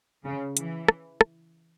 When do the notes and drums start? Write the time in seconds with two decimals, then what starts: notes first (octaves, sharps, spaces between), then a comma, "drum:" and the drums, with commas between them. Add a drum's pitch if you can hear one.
0.24 C#3
0.57 E3, drum: hi-hat
0.88 drum: rim click
1.21 drum: rim click